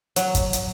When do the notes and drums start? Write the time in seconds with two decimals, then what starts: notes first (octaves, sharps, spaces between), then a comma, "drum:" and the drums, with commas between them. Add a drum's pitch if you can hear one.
0.16 F#3, drum: hi-hat
0.35 drum: kick, hi-hat
0.53 drum: hi-hat